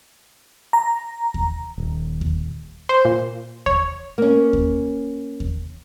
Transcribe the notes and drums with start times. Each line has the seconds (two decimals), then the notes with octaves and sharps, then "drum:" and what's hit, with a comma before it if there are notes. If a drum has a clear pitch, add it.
0.73 A#5
1.34 drum: kick D#2
1.78 D#1
2.21 drum: kick D#2
2.89 C5
3.05 A#2
3.66 C#5, drum: kick D#2
4.18 A#3 C#4
4.53 drum: kick D#2
5.40 drum: kick D#2